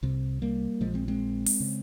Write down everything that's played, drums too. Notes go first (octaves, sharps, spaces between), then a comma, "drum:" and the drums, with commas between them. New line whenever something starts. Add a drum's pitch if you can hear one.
C2 C3
G3 A#3
A#1 A#2 F3 G#3
G#3 C4
G#3 C4
drum: open hi-hat
C#3